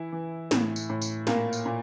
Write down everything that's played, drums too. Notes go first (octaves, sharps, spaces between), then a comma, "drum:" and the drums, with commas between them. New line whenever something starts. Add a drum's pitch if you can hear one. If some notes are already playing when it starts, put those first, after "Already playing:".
Already playing: E3 E4
E3
A2, drum: snare
drum: tambourine
A2
drum: tambourine
A#2 A#3 A#4, drum: snare
drum: tambourine
A#2